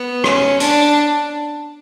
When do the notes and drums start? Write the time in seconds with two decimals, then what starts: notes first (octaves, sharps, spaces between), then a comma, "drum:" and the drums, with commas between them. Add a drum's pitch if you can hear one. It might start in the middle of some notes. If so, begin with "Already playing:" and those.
Already playing: B3
0.24 C#4, drum: rim click
0.60 D4, drum: hi-hat